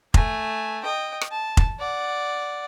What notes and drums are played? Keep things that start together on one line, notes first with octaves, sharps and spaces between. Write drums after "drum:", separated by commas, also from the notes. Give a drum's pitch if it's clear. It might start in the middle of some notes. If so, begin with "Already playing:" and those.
A3 G#5, drum: kick F1
D#5 G5
drum: rim click
A5
drum: kick F1
D5 F#5